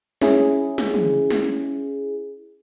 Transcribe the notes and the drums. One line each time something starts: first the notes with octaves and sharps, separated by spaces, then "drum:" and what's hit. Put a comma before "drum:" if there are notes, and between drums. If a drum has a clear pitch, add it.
C#4 E4 G#4, drum: snare
drum: snare
drum: tom
drum: snare
drum: hi-hat